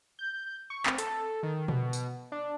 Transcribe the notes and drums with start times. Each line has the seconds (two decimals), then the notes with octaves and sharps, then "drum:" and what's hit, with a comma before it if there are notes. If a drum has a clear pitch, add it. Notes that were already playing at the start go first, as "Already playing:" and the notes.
0.19 G6
0.70 C#6
0.86 C4, drum: clap
0.98 A4, drum: hi-hat
1.43 D#3
1.68 B2, drum: tom
1.93 drum: tambourine
2.32 D4